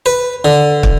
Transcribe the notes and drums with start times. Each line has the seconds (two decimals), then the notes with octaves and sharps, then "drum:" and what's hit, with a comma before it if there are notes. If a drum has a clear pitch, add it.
0.06 B4
0.45 D3
0.83 drum: kick